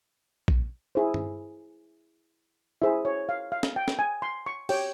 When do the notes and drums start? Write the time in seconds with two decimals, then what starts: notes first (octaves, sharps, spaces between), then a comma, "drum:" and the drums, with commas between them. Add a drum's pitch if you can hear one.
0.48 drum: kick
0.95 E4 G#4 C5
1.14 drum: tom G2
2.82 E4 G#4 C5 E5
3.05 C#5
3.29 F5
3.52 F5
3.63 drum: snare
3.76 G5
3.88 drum: snare
3.99 G#5
4.22 C6
4.46 C#6
4.69 G4 C#5 G5, drum: cymbal